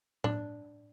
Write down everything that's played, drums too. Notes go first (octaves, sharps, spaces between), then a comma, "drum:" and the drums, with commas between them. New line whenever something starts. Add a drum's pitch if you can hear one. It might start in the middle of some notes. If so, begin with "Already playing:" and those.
D4, drum: tom A2